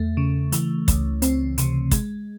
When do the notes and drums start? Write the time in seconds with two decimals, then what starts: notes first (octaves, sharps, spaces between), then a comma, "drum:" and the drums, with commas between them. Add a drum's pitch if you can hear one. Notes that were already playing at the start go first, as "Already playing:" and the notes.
Already playing: E2 A3
0.17 C#3
0.52 E3, drum: hi-hat
0.88 C#2, drum: kick, hi-hat
1.22 C4, drum: hi-hat
1.58 C3, drum: hi-hat
1.91 G#3, drum: kick, hi-hat